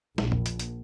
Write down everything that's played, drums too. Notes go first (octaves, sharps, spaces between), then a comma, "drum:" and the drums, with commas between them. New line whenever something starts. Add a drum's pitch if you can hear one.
A#1, drum: snare
drum: tom E2
drum: hi-hat
drum: hi-hat